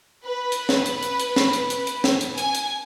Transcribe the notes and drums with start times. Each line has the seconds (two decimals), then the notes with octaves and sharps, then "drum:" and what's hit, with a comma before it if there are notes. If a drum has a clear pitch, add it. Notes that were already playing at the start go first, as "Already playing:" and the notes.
0.24 B4
0.52 drum: hi-hat
0.69 drum: snare
0.86 drum: hi-hat
1.03 drum: hi-hat
1.20 drum: hi-hat
1.36 drum: snare
1.53 drum: hi-hat
1.70 drum: hi-hat
1.87 drum: hi-hat
2.04 drum: snare
2.21 drum: hi-hat
2.38 G#5, drum: hi-hat
2.55 drum: hi-hat